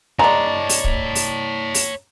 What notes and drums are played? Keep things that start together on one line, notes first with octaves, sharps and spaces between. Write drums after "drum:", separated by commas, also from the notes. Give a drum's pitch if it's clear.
G#3 D4 C#5 A5 A#5
drum: open hi-hat
drum: kick
drum: open hi-hat
drum: open hi-hat